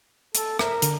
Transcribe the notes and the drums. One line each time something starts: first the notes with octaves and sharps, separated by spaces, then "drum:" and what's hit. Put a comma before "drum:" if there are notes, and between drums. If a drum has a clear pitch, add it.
A4, drum: hi-hat
A#4 E5, drum: rim click
D3, drum: hi-hat